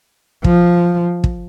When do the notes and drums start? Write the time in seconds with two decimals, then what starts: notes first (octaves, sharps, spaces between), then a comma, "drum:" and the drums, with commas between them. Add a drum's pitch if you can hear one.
0.44 F3, drum: kick
1.24 drum: kick